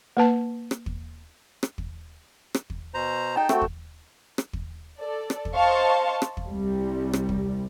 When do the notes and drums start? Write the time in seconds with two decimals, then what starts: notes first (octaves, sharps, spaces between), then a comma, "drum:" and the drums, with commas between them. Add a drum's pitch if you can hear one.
0.17 A#3 B4 A5
0.71 drum: rim click
0.86 drum: kick
1.63 drum: rim click
1.78 drum: kick
2.54 drum: rim click
2.70 drum: kick
2.94 B2 C5 A#5
3.36 D#4 G5 A5
3.49 A3 C4 F#4, drum: rim click
3.62 drum: kick
4.38 drum: rim click
4.53 drum: kick
4.99 A4 D5
5.30 drum: rim click
5.45 drum: kick
5.54 C5 D#5 F5 A5 C6 C#6
6.22 drum: rim click
6.37 drum: kick
6.47 C2 G3
7.13 drum: rim click
7.29 drum: kick